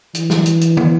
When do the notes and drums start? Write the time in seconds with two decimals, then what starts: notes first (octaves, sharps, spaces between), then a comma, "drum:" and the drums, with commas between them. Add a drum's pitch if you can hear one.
0.15 E3, drum: hi-hat
0.30 drum: snare
0.46 drum: hi-hat
0.61 drum: hi-hat
0.77 drum: tom